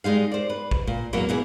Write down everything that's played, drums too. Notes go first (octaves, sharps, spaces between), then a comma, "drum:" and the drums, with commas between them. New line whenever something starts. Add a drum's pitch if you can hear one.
G3 G#3 D#4 F5
C5 D5
B4
drum: kick A1
A#2
E2 F#3 A#3 E4 C#5
B2 E3 G#4